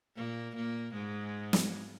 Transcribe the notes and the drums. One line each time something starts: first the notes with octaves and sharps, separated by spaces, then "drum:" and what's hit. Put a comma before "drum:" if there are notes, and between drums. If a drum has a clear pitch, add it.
A#2 A#3
A#2 A#3
G#2 G#3
drum: snare